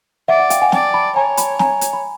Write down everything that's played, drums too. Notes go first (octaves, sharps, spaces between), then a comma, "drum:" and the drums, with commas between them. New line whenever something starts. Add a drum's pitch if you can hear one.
D5 E5 F#5
E5 F#5
F5 G5, drum: hi-hat
F#5 G#5
D5 G5 A5, drum: snare
A5 B5
C#5 G#5 A#5
A5 B5, drum: hi-hat
G#5 A#5, drum: snare
drum: hi-hat
B5